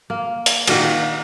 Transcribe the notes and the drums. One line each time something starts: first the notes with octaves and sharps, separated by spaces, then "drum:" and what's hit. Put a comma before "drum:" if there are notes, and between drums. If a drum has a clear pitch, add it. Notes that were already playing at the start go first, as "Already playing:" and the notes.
A#3
drum: hi-hat
A#2 D#3 A#3 F#4, drum: cymbal